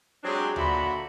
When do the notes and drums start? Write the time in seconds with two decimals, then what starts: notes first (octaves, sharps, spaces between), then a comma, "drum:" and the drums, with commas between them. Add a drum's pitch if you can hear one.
0.24 F#3 G#3 C4 D4 G4 G#4
0.56 A#2 D3 F#4 E5 B5, drum: tom D2